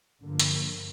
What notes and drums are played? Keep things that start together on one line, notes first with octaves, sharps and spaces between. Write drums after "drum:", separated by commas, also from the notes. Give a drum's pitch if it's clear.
G2 D3 F3 A#3
drum: hi-hat